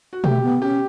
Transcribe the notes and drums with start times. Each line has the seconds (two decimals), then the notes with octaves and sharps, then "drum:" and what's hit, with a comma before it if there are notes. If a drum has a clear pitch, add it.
0.13 F#4
0.24 A3 G4, drum: tom B2
0.42 B3
0.62 C#4 G4